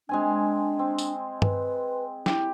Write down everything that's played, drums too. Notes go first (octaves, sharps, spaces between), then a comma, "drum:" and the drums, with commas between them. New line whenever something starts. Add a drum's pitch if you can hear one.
G#3 C4 D4 G#5
C4
drum: tambourine
B4, drum: tom
E4 G4, drum: snare